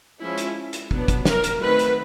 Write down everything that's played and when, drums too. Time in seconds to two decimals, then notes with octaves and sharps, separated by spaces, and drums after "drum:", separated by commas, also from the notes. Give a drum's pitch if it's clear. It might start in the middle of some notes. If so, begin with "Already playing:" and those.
0.20 F3 G#3 C#4 E4
0.38 drum: hi-hat
0.73 drum: hi-hat
0.91 F#3 B3 D4, drum: kick
1.08 drum: kick, hi-hat
1.25 A#4, drum: snare
1.44 drum: hi-hat
1.61 D#3 F#3 A3 C4 B4
1.79 drum: hi-hat